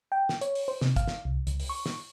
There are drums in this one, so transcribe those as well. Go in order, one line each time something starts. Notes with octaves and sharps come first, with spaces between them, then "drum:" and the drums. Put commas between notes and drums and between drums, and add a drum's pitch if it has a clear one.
G5
drum: snare
C#5, drum: hi-hat
drum: open hi-hat
C5
C3, drum: snare
F5, drum: kick, hi-hat
drum: snare
C2
C#2, drum: hi-hat
drum: open hi-hat
C#6
drum: snare